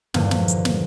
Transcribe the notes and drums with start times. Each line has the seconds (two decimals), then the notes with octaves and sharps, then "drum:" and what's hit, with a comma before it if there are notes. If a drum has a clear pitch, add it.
0.14 G#1 E2 G2 A#2 D3 F3, drum: snare
0.31 drum: snare
0.48 drum: hi-hat
0.65 drum: snare